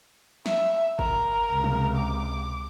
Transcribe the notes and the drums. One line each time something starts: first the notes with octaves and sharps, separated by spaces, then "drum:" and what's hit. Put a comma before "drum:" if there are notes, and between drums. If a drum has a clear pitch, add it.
E5, drum: snare
A#4, drum: kick G1
C#2 C3
drum: tom
D6